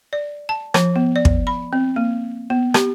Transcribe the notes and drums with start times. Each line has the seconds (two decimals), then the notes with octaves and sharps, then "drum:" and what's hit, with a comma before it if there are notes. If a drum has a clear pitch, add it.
0.13 D5
0.49 A5
0.74 F3, drum: rim click
0.96 B3
1.16 D5
1.25 drum: kick
1.47 B5
1.73 C4
1.96 A#3
2.50 B3
2.74 G4, drum: rim click